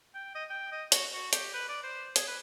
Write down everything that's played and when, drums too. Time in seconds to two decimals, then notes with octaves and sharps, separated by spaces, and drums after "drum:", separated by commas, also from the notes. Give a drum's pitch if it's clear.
0.15 G5
0.35 D#5
0.50 G5
0.72 D#5
0.92 F#4, drum: hi-hat
1.13 F#4
1.33 G4, drum: hi-hat
1.54 B4
1.69 D5
1.84 C5
2.16 G#4, drum: hi-hat
2.28 B4